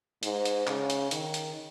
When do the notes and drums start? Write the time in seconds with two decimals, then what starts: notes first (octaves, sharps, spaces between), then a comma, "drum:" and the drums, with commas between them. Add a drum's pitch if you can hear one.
0.23 G#2, drum: hi-hat
0.45 drum: hi-hat
0.67 C#3, drum: clap
0.90 drum: hi-hat
1.11 D#3, drum: hi-hat
1.34 drum: hi-hat